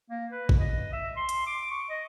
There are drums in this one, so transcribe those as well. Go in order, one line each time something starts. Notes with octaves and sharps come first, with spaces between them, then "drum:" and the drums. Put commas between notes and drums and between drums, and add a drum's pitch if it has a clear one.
A#3
B4
drum: kick A1
D#5
E5
C6
drum: hi-hat
D6
C#6
D#5